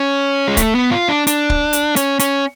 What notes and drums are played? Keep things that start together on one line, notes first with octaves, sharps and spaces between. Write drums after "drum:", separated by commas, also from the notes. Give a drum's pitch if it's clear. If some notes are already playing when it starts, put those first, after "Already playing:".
Already playing: C#4
G#3
A3, drum: kick, hi-hat
B3
F4
D4
D4, drum: hi-hat
drum: kick
drum: hi-hat
C#4, drum: hi-hat
C#4, drum: hi-hat